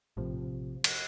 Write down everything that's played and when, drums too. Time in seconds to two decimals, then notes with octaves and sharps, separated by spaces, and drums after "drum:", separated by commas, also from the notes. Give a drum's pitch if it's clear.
0.17 A#1 A2 C3 F3
0.84 drum: cymbal